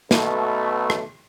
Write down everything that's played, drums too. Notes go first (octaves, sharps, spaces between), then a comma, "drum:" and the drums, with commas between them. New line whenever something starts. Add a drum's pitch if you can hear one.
B1 B2 A3, drum: snare
drum: rim click